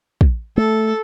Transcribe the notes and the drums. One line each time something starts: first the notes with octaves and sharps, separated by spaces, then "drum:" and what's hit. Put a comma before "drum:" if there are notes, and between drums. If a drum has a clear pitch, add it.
drum: kick
A3 A4